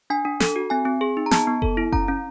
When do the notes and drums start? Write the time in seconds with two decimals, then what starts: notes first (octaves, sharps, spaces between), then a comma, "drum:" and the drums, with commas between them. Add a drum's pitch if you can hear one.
0.10 D4 G#5
0.25 D4
0.40 A4, drum: snare
0.56 F#4
0.70 C4 G#5
0.85 C4
1.01 G#4
1.17 D#4
1.26 A#5
1.31 B3 A5, drum: snare
1.47 B3
1.62 A4, drum: kick F#1
1.77 E4
1.92 C#4 A#5, drum: kick F#1
2.08 C#4